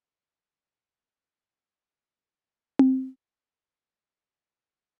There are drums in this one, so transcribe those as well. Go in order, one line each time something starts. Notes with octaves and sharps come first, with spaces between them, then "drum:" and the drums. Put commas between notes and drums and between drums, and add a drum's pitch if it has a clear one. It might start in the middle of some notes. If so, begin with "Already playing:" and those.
D4
A4
A#2
drum: tom C4
G4 A4 B5 C6